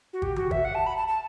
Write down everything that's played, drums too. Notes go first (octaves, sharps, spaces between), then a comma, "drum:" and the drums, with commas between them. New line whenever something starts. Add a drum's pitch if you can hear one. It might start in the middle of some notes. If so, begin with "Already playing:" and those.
F#4
G4, drum: kick
F#4, drum: tom D#3
E5, drum: kick
F#5
A5
B5
A5
A5